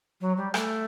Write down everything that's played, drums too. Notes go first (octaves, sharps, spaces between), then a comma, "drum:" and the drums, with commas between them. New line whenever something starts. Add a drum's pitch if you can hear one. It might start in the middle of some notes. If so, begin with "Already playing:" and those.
F#3
G3
A3, drum: rim click